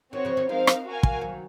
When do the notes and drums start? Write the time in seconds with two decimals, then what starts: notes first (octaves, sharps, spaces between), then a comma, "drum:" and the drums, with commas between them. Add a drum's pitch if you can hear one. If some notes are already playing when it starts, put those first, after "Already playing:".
0.13 D#3 C4 F#4 C#5
0.25 C#3 F3
0.37 D#3
0.49 F3 G#3 C4 D#4 A#4 F5
0.67 drum: rim click
0.85 F#4 A#4 F5 G#5
1.03 drum: kick
1.21 D#3 F#3